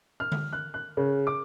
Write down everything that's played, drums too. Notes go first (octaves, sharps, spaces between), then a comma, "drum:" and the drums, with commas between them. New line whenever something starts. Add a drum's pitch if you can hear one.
F6
drum: tom D3
F#6
F#6
C#3
D6